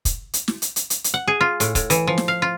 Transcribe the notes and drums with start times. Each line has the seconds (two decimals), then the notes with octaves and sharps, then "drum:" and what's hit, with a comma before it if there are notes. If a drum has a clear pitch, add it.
0.05 drum: kick, hi-hat
0.33 drum: hi-hat
0.48 drum: snare
0.62 drum: hi-hat
0.76 drum: hi-hat
0.90 drum: hi-hat
1.04 drum: hi-hat
1.14 F#5
1.28 G#4
1.41 F4
1.60 A2, drum: hi-hat
1.75 A2, drum: kick, hi-hat
1.90 E3, drum: hi-hat
2.07 F3
2.18 drum: snare
2.28 F5
2.42 F4